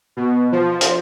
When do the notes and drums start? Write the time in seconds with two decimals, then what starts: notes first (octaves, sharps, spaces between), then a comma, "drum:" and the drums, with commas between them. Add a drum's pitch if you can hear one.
0.17 B2
0.52 F3
0.81 drum: hi-hat